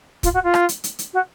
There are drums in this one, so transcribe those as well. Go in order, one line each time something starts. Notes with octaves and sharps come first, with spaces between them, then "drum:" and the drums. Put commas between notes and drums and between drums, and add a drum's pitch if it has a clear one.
F4, drum: kick, hi-hat
F#4
F4
drum: rim click
drum: hi-hat
drum: hi-hat
drum: hi-hat
F#4